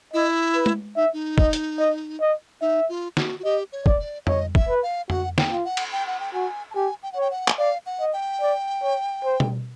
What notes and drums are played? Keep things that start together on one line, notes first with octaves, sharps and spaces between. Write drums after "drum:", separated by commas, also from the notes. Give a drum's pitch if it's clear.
E4 D#5
B4
drum: tom G#3
D#4 E5
D#4
D#5, drum: kick
drum: hi-hat
D#5
D#5
D#4 E5
F4
F#4, drum: snare
F#4
G4 D#5
C#5
D5, drum: kick
D5
C#5 D#5, drum: tom F2
E5, drum: kick
B4
F5
F#4 F#5, drum: tom F2
G5, drum: snare
F4
F#5
drum: cymbal
G5
F#5
G5
F#4 G#5
A5
G4 G#5
G5
F#5
C#5 G5
F#5
drum: clap
D5 F5
F#5
D#5
G5
D5
C#5
C5
drum: tom B2